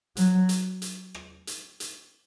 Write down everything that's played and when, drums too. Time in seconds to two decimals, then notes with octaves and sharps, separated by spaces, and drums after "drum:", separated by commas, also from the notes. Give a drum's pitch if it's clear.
0.17 F#3, drum: hi-hat
0.49 drum: hi-hat
0.82 drum: hi-hat
1.14 drum: rim click
1.47 drum: hi-hat
1.80 drum: hi-hat